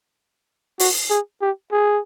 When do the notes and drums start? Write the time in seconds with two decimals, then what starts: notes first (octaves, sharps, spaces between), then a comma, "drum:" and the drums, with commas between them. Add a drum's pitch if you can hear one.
0.79 F#4, drum: open hi-hat
1.10 G#4
1.41 G4
1.72 G#4